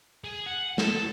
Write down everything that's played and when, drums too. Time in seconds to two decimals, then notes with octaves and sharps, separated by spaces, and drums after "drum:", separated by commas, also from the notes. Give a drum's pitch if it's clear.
0.24 G#4
0.46 F#5
0.78 A4, drum: snare